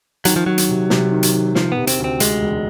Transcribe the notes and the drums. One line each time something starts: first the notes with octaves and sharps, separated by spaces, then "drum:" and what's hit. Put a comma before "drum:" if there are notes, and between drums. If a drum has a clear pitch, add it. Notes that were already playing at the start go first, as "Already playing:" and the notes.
D#3 F#3, drum: hi-hat
F3
D#3 F#3
drum: hi-hat
C3
C3, drum: snare
D#3
drum: hi-hat
D#3
C3 F3, drum: snare
C3 B3
C4, drum: hi-hat
D2
C4
D2 G#3, drum: hi-hat
E1